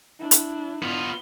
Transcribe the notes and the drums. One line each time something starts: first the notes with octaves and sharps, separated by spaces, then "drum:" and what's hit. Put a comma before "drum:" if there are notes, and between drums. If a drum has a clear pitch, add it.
D4 E4
drum: hi-hat
B3 F4